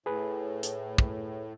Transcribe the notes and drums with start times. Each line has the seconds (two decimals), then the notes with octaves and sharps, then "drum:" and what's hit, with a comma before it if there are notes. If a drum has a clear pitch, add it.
0.06 A2 G#4 B4
0.63 drum: hi-hat
0.98 drum: kick